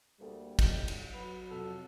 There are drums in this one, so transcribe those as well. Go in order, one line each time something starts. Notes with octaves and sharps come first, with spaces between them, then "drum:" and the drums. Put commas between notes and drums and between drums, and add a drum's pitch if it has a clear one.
D2 G3 A#3 A4
A2 D#5 G6, drum: kick, cymbal
drum: cymbal
F#3 B4 F#5
F2 C3 A4